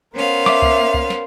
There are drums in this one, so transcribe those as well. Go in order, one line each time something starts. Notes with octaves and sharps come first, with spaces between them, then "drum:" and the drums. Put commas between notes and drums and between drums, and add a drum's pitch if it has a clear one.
B3 C#4 A#4 C5 F5
E5 D6, drum: snare
drum: kick C2
drum: kick C2
drum: snare